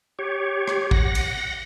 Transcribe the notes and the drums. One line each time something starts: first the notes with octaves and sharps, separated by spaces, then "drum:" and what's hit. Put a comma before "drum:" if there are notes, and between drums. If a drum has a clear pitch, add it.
G4 C#5
drum: rim click
F#5 A#6, drum: kick A1
drum: cymbal